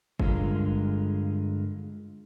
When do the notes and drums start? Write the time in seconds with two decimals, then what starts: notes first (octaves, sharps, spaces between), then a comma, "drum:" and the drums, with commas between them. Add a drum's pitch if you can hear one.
0.20 G2 D3 G#3 F4 A#4, drum: kick G1